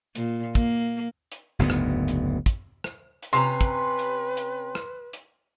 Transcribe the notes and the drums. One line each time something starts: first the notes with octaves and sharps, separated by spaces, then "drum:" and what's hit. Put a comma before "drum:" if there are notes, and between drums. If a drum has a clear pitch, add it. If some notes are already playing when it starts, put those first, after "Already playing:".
A#2, drum: hi-hat
A#3, drum: kick, hi-hat
drum: hi-hat
F#1 D2 G#2 B3
drum: rim click
drum: hi-hat
drum: kick, hi-hat
drum: rim click
drum: hi-hat
C3 C#4 B4 A#5 C6
drum: kick, hi-hat
drum: hi-hat
drum: hi-hat
drum: rim click
drum: hi-hat